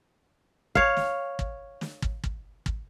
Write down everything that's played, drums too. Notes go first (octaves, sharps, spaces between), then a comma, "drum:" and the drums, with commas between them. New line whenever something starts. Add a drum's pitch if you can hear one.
C#5 F5, drum: kick
drum: snare
drum: kick
drum: snare
drum: kick
drum: kick
drum: kick